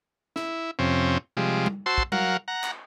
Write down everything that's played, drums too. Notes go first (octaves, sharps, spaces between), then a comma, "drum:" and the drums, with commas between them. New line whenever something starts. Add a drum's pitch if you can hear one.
E4, drum: snare
F2 C3 C4 C#4
C3 F3 G3 G#3
drum: tom G3
F#4 C5 A5 C6 E6
drum: kick
F#3 A#4 F5 F#5, drum: tom G3
F#5 A#5
drum: clap